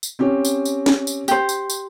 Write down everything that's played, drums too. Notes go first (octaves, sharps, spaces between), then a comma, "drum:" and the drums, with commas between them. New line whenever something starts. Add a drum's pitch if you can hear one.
drum: tambourine
C4 C#4 G4
drum: tambourine
drum: tambourine
drum: snare
drum: tambourine
G4 C5, drum: tambourine
drum: tambourine
drum: tambourine